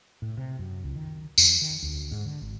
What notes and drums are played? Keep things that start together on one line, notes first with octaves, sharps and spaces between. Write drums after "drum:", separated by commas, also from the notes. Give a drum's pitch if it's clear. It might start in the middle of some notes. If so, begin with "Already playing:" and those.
A2
C3
F#2
C#2
D#3
F2, drum: tambourine
D#3
D2
G#2
D3
G#1